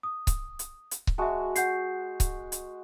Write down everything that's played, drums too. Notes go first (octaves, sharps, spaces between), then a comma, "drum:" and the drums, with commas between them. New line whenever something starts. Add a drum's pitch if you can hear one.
D#6
drum: kick C#1, hi-hat
drum: hi-hat
drum: hi-hat
drum: kick C#1
G#3 F#4 E5 A5
F#5 G6 C7, drum: hi-hat
drum: kick C#1, hi-hat
drum: hi-hat